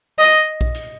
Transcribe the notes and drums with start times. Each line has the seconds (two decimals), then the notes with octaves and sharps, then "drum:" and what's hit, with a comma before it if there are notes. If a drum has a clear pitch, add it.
0.19 D#5
0.61 drum: kick A#1
0.74 drum: hi-hat